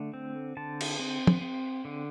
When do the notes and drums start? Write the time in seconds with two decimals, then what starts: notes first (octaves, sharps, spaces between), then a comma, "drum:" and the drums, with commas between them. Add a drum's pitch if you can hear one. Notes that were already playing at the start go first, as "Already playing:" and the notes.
Already playing: D3 A3
0.14 C4
0.57 D3 A5
0.81 drum: cymbal
0.99 C4
1.27 drum: tom
1.41 C4
1.85 D3